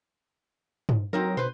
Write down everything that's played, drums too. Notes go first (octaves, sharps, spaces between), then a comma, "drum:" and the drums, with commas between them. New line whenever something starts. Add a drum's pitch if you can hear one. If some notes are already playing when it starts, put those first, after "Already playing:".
drum: tom
F#3 C4 D#4 A#4
B2 B4 C5